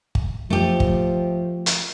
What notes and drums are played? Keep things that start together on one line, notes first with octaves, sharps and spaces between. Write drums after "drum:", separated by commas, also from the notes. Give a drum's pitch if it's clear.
drum: kick G1
F3 A3 G4
drum: kick G1
drum: hi-hat